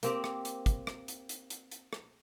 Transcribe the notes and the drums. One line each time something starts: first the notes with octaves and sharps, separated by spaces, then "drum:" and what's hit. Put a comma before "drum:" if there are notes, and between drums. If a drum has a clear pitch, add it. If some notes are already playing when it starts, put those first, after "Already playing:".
A#3 C4 G4, drum: hi-hat
drum: rim click
drum: hi-hat
drum: kick, hi-hat
drum: rim click
drum: hi-hat
drum: hi-hat
drum: hi-hat
drum: hi-hat
drum: rim click